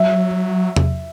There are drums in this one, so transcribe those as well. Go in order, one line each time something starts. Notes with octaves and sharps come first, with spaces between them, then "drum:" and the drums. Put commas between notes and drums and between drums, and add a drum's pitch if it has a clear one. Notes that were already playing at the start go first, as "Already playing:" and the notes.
Already playing: F#3 E5
drum: tom E2